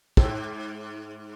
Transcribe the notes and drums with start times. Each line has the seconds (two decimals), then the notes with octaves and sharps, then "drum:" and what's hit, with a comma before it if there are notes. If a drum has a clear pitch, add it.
0.17 G#2, drum: kick